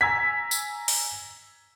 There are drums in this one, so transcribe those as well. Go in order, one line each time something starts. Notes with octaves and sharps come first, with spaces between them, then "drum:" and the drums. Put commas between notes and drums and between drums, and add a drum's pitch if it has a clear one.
G#5 A#5 E6 G#6 B6
drum: tambourine
drum: open hi-hat